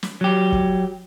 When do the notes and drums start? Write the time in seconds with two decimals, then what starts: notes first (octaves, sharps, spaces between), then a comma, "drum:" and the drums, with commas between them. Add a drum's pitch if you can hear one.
0.03 drum: snare
0.21 F#3 G4
0.52 drum: kick